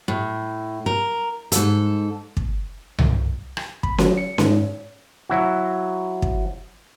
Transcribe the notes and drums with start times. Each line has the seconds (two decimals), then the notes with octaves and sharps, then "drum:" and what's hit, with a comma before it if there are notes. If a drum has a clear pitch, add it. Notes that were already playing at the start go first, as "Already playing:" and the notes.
0.08 A2
0.86 A#4
1.52 G#2 A4, drum: hi-hat
2.37 drum: kick
2.99 drum: tom C2
3.57 drum: rim click
3.83 B5, drum: kick
3.98 F#3, drum: snare C#4
4.18 C#7
4.38 G#2, drum: snare C#4
5.29 F#3 E4 F#4
6.22 drum: kick